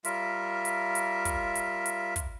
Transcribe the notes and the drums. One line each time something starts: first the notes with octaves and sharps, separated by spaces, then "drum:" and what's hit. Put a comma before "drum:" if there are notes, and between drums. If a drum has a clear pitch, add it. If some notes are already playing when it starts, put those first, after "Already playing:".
G3 F4 A#4 E5, drum: hi-hat
drum: hi-hat
drum: hi-hat
drum: kick, hi-hat
drum: hi-hat
drum: hi-hat
drum: kick, hi-hat